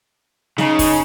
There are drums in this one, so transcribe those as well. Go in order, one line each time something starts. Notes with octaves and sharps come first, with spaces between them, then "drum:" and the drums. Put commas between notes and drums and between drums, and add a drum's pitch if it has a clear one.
C#3 D#4, drum: snare
drum: kick, open hi-hat